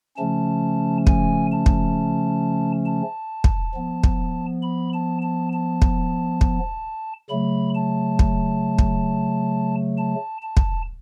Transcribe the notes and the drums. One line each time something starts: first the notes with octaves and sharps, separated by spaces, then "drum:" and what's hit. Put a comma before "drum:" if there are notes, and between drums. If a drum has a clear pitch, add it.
C#3 F3 A3 C#4 A5
G#5, drum: kick
A5
drum: kick
A5
drum: kick
F3 B3
drum: kick
B5
A5
A5
A5
drum: kick
drum: kick
C#3 F#3 A3 B5
A5
drum: kick
drum: kick
A5
A5
drum: kick